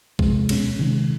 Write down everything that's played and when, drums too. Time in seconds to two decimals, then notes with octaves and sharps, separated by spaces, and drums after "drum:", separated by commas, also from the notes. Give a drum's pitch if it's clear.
0.19 C3 F3 G#3, drum: kick B1
0.49 B2 G#3 C#4, drum: cymbal
0.79 C3 D#3 G#3